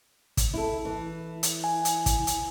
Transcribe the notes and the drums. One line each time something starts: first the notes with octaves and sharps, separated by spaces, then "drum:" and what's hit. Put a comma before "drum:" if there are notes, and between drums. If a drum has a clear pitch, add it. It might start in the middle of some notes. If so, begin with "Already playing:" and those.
drum: kick, hi-hat
E4 A4
E3
drum: hi-hat
G#5
drum: hi-hat
drum: kick, hi-hat
drum: hi-hat